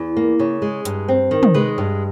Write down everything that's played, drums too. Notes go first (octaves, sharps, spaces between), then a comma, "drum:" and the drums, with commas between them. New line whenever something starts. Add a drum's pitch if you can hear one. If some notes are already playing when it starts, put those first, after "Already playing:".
Already playing: E2
A#3
C#3
G#3
G2, drum: hi-hat
C4
D#3
drum: tom
G#3 B4
G2